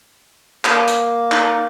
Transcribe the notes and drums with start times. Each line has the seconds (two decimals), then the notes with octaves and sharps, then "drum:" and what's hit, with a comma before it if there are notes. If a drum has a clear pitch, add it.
0.65 A#3, drum: clap
0.87 drum: hi-hat
1.32 D#4, drum: clap